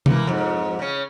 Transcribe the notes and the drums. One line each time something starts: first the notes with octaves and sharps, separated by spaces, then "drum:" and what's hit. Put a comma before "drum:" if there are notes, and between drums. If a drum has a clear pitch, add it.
E3 A#3, drum: tom C3
F2 G#2
C#3 C#4